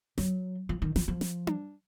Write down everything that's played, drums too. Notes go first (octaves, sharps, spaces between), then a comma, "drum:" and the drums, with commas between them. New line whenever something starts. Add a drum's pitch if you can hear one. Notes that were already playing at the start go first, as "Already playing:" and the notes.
F#3, drum: snare
F3
D#3
F3, drum: snare
F3
drum: snare
drum: tom D4